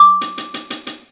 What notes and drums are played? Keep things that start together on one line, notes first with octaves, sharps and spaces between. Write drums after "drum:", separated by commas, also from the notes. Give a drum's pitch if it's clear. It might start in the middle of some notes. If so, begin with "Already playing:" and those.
Already playing: D6
drum: hi-hat
drum: hi-hat
drum: hi-hat
drum: hi-hat
drum: hi-hat